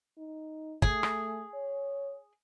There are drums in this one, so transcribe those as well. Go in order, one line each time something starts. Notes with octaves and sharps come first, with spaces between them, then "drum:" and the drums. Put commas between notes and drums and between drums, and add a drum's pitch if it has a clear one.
D#4
A3 G#4, drum: kick
drum: rim click
C#5